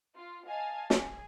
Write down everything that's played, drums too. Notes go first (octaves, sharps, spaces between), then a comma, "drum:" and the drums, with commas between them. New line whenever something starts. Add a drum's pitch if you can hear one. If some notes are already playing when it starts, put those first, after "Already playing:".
F4
D#5 F5 G#5 A5
G#4, drum: snare